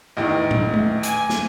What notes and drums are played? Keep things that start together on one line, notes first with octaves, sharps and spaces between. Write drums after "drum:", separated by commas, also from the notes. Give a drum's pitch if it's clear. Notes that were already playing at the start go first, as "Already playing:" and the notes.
A1 E2 D#3 E4 D#5
drum: tom A2
A3
G#5 D6, drum: hi-hat
drum: snare